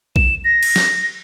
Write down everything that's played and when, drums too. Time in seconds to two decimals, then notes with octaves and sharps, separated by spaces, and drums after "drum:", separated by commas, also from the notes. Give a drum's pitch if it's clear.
0.16 E7, drum: kick A#1
0.45 A#6
0.63 drum: cymbal
0.76 drum: snare